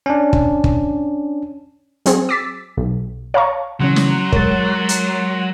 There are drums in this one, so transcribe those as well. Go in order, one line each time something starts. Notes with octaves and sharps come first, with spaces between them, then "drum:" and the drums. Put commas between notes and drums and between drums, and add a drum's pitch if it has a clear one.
C#4 D4
drum: kick
drum: kick
F#3 C4 G#4, drum: hi-hat
D6 E6 A6 B6
B1
C#5 F5 A5 A#5 C#6
C#3 E3 F#3 C#4 F#5 C6
drum: snare
G#3 A#4 C#5 A6, drum: kick
drum: hi-hat